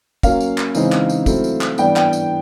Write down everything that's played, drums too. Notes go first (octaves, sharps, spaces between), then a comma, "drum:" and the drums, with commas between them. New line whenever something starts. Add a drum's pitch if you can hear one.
F#3 A#3 C#4 F5, drum: kick, tambourine
drum: tambourine
drum: clap
C#3 E3 G#3 C4 D#4, drum: tambourine
drum: clap
drum: tambourine
F#3 A3 C4 E4, drum: kick, tambourine
drum: tambourine
drum: clap
E3 G3 B3 D4 G5, drum: tambourine
G5, drum: clap
drum: tambourine